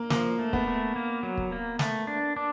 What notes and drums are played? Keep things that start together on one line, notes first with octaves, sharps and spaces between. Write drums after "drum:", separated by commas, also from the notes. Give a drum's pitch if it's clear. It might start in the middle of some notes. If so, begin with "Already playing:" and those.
Already playing: A#3
F3 A#3, drum: snare
A3
B3, drum: kick
A3
A#3
F#3
drum: kick
A#3
A3, drum: snare
D4
D4